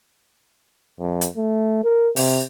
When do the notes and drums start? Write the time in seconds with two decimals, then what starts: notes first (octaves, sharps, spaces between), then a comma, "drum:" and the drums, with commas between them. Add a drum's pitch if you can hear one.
1.00 F2
1.21 drum: hi-hat
1.37 A3
1.84 A#4
2.16 C3, drum: open hi-hat